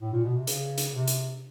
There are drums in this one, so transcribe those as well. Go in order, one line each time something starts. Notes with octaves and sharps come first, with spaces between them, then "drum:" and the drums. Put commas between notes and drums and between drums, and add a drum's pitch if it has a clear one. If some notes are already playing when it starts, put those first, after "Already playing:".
A2
A#2
B2
C3
C#3, drum: hi-hat
drum: hi-hat
C3
drum: hi-hat